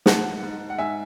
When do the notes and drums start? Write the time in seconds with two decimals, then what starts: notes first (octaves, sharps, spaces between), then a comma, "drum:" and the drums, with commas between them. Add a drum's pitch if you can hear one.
0.06 G#2 F#5 A5, drum: snare
0.42 G#2
0.70 F#5
0.78 G#2 E5 G#5